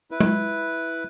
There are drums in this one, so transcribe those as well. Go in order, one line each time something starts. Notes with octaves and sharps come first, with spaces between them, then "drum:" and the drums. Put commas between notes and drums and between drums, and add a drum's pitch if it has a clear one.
E4 B4
drum: tom G#3